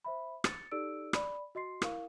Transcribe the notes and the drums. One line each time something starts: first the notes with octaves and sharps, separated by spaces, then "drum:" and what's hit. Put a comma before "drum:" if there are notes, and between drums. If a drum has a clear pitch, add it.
C5 E5 B5
A6 C#7, drum: rim click
D#4 G4 A4 D5 E6 D7
D5 B5, drum: rim click
F#4 D#5 C6 C7
E4 A#4 F5 C#6, drum: rim click